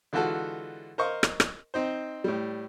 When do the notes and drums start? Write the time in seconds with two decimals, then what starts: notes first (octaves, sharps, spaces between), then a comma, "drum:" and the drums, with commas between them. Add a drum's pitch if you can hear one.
0.13 D3 E3 G#3 F4 F#4 A4
0.98 A#4 C5 D#5 F5 C#6
1.23 drum: rim click
1.40 drum: rim click
1.74 C4 D#4 C5
2.24 A2 G3